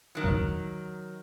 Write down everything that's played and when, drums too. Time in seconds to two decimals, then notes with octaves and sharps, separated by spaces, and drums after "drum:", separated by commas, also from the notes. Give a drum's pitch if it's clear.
0.15 D#3 F#3
0.24 drum: kick D2